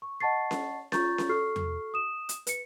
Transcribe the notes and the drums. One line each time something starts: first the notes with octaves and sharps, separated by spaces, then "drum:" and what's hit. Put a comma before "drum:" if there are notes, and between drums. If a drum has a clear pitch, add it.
C#6
D#5 F#5 A5 C#6 A6 C7
drum: snare C#4
F4 A#5 C#6 G6 A6, drum: snare C#4
drum: snare C#4
F#4 A4 C#6 F6 C7
drum: tom E2
D#6 E7
drum: hi-hat
B4 C#7, drum: hi-hat